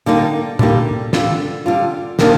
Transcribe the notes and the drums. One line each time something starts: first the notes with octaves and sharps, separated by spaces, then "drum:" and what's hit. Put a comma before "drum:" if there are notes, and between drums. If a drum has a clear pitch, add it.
D3 G3 A#3 D#4 G4
D3 G3 A#3 D#4 G4, drum: tom
D3 G3 D4 F4, drum: snare
D3 G3 D4 F4
C3 D#3 A#3 D4, drum: snare